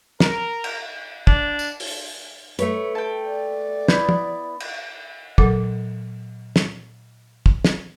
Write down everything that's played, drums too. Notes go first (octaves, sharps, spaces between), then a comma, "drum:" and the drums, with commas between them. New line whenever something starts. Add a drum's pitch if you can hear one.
A#4, drum: snare
drum: cymbal
D4, drum: kick
drum: tambourine
drum: open hi-hat
A3 B4 C#5, drum: hi-hat
G5 A5
D5
B3 E4 G6, drum: snare
drum: tom
drum: cymbal
A#2 F#3 A4, drum: kick
drum: snare
drum: kick
drum: snare